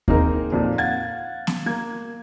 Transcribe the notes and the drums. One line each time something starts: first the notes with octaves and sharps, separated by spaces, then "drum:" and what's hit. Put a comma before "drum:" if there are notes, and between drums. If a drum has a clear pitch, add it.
A#3 C4 D#4 G#4 A#4, drum: kick D#2
F2 A#2
F5 F#5 G#6 A6
drum: snare B3
A#3 G#6